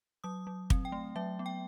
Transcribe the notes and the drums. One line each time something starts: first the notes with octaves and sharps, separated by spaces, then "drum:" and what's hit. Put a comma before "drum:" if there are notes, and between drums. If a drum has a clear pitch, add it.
F#3 D#6
F#3
C4, drum: kick
G5
A3
F#3 E5
B3
G5